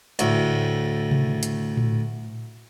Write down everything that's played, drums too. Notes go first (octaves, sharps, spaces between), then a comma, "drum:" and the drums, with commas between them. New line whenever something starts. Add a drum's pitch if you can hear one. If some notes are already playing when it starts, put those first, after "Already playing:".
D2 A2, drum: hi-hat
drum: tom C3
drum: hi-hat
drum: tom A2